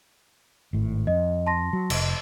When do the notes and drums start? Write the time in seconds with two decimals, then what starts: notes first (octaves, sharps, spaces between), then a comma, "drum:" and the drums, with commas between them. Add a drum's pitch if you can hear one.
0.73 G#1 A2
1.07 F2 D#5
1.46 A5 C6 A#6
1.73 F#3
1.90 F1, drum: cymbal